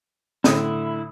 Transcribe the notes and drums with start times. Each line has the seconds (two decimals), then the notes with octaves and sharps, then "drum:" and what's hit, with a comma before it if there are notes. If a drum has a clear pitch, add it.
0.44 A2 D3 E4 D#6, drum: snare